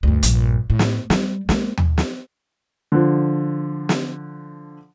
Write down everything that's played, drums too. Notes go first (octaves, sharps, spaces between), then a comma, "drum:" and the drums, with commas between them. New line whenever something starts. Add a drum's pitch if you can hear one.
D2 G2
A#1 G2, drum: hi-hat
A2
drum: snare
G3, drum: snare
G#3 A#3, drum: snare
drum: tom
drum: snare
D3 F3
drum: snare